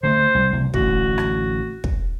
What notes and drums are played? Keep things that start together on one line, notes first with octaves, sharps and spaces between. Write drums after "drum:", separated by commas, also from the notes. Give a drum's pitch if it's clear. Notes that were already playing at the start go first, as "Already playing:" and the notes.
D3 G#3 A3 C5
C2
F1 C2
A1 D3 F#4, drum: kick
drum: rim click
drum: kick